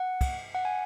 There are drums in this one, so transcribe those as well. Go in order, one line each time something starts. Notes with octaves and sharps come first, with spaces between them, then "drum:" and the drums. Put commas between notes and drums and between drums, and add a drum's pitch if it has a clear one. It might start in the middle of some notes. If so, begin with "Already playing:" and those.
Already playing: F#5
drum: kick, cymbal
F#5
G#5